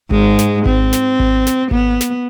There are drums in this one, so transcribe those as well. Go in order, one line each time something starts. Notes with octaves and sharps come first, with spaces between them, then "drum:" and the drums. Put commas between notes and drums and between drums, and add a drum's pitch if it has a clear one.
G#2 G#3, drum: kick G#1
drum: snare
C4, drum: kick G#1
drum: snare
drum: kick G#1
drum: snare
B3, drum: kick G#1
drum: snare